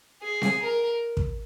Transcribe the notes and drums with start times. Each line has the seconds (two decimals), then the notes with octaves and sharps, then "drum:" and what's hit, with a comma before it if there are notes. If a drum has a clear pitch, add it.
0.22 G#4
0.42 drum: snare C4
0.61 A#4
1.17 drum: kick